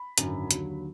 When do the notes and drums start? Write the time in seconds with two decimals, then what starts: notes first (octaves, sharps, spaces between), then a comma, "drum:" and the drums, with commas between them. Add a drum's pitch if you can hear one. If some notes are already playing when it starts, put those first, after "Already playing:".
Already playing: B5
0.18 G#1 F#2 D3 F#3, drum: hi-hat
0.51 D#2 D3 F#3, drum: hi-hat